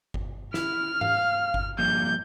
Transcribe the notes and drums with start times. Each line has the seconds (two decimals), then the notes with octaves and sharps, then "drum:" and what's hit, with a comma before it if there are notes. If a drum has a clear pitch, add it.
0.14 drum: kick G1
0.54 E4 F6, drum: snare
1.01 F5, drum: tom G#2
1.54 drum: kick G1
1.79 F3 G3 A#3 G6